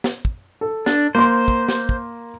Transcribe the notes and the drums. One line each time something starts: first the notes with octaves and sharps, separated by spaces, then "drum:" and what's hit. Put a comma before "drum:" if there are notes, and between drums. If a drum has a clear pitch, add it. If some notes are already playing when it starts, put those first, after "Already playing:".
drum: snare
drum: kick
A4
D4, drum: snare
A#3 C5 C6
drum: kick
drum: snare
drum: kick